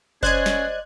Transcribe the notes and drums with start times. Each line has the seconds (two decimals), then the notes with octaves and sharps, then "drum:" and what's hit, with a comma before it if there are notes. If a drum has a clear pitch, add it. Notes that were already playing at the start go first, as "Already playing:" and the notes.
0.23 C#4 G#4 C5 D5 D#5 F#6 G#6, drum: kick F#1
0.46 drum: snare